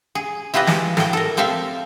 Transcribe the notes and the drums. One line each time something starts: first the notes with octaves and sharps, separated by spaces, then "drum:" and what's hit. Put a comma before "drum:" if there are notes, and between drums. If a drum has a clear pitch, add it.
G#4
E4 F4 G4 B4 D#5
G#3, drum: snare
A2 G5, drum: snare
A4 A#4
F3 C4 A4 E5 F5